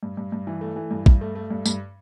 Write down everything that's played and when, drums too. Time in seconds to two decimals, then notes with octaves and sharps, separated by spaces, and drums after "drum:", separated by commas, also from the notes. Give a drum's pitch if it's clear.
0.03 G2
0.17 G2
0.32 G2
0.47 E3
0.61 A3
0.76 E3
0.91 G2
1.06 G2, drum: kick A#1
1.21 A3
1.35 A3
1.50 G2
1.66 G2, drum: tambourine